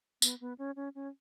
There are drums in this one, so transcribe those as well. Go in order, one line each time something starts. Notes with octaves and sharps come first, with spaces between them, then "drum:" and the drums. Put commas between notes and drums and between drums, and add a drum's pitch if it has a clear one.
B3, drum: tambourine
B3
C#4
C#4
C#4